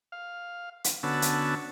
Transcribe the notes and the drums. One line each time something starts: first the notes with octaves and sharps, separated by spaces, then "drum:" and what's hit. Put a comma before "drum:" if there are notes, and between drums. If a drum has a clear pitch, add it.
F5
drum: hi-hat
D3 B3 C#4 F#4 A5 E6
drum: hi-hat